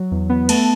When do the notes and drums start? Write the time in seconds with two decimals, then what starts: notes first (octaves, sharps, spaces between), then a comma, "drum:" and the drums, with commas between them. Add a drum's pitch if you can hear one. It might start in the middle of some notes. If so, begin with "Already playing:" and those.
Already playing: F#3
0.11 E2
0.30 B3
0.49 A3 A5, drum: cymbal